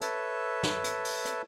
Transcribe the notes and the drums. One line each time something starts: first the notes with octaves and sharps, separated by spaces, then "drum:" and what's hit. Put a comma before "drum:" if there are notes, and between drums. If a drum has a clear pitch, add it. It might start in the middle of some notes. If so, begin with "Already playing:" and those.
A4 B4 C#5 E5 A5, drum: hi-hat
drum: snare
drum: hi-hat
drum: open hi-hat
drum: hi-hat